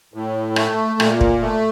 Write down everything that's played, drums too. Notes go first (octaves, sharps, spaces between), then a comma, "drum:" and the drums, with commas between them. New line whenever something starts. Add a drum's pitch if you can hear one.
A2
A3, drum: rim click
A#2, drum: rim click
drum: kick
A3